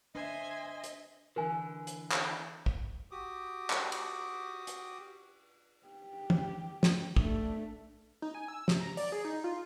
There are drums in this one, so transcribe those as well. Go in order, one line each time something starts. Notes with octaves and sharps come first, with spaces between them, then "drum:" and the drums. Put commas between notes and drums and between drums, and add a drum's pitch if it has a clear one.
D4 C5 D#5 E5 G#5
drum: hi-hat
D3 E3 A#4 G#5
drum: hi-hat
drum: clap
drum: kick
F#4 G4 D6 D#6
drum: clap
drum: cymbal
drum: hi-hat
G4
drum: tom
drum: snare
A3 D4, drum: kick
D#4
G#5
E6
C3, drum: snare
A#5
D5, drum: open hi-hat
G#4
D#4
F4